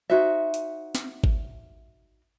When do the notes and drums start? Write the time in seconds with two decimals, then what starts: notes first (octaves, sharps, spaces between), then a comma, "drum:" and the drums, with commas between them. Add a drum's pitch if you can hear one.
0.10 D#4 F#4 C5 E5
0.54 drum: hi-hat
0.95 drum: snare
1.24 drum: kick G#1